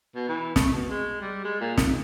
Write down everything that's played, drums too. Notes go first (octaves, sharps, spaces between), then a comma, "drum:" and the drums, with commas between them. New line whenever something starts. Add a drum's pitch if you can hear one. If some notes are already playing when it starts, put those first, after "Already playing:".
B2
E3
A3, drum: snare
B2
G#3
G3
G#3
A#2
D#3, drum: snare